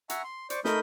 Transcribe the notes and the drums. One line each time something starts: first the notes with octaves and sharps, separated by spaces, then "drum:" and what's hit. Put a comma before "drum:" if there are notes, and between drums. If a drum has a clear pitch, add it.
E5 F#5 G#5 A#5 C#6, drum: hi-hat
C6
C5 D5 C#6 D6, drum: hi-hat
A3 D#4 A#4 B5 D#6 G6, drum: snare